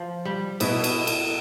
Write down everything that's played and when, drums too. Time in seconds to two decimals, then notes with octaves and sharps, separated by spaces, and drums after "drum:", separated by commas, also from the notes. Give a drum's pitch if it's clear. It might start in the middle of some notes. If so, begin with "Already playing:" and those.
Already playing: F3
0.25 G3
0.60 B2 B3 E4, drum: cymbal
0.84 drum: cymbal
1.07 drum: cymbal